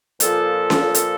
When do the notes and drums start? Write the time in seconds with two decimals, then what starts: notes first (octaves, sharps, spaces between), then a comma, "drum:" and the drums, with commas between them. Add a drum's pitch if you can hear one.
0.20 A#2 F3 A4, drum: hi-hat
0.70 drum: snare C#4
0.95 A4, drum: hi-hat